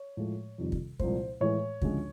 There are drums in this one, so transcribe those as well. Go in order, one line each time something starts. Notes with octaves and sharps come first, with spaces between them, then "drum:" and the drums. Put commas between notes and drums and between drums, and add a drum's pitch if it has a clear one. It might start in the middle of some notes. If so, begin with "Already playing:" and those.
Already playing: C#5
A2 F3 G#3
F2 C3 D#3 G3
drum: kick
C2 A#2 F3 G#3 C5, drum: kick
A2 E3 G#3 C#5
D2 C#3 F3 G#3, drum: kick